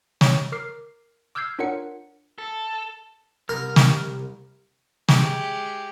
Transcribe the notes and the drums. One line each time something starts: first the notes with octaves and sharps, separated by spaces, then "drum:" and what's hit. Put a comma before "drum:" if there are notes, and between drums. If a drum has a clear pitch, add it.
C#5, drum: snare
A#4 D6 F6 C7
D6 E6 F6 G6 G#6 C7
D4 F4 A#4 C#5 F#5 C#7
A4
C2 A#4 F6
drum: snare
G#3 G4, drum: snare